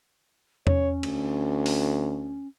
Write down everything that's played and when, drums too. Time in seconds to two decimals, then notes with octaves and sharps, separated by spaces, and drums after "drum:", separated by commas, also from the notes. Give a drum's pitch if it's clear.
0.67 C#4 C#5, drum: tom E2
1.03 D2, drum: cymbal
1.66 drum: open hi-hat